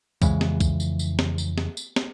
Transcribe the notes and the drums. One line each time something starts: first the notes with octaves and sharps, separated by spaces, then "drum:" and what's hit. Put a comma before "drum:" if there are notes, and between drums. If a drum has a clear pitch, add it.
F2 C#3 E3 G#3, drum: kick C2, tambourine
drum: snare
drum: kick C2, tambourine
drum: tambourine
drum: tambourine
drum: snare
drum: tambourine
drum: snare
drum: tambourine
drum: snare